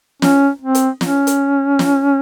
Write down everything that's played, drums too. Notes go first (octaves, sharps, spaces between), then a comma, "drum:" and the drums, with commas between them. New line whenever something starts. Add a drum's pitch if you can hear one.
C#4, drum: snare
C4
drum: hi-hat
C#4, drum: snare
drum: hi-hat
drum: snare